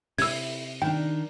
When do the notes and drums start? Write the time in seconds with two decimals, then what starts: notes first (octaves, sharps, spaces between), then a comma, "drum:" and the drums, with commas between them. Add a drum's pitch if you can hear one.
0.18 C3 E4 E6 G#6, drum: open hi-hat
0.82 D#3 D4 G5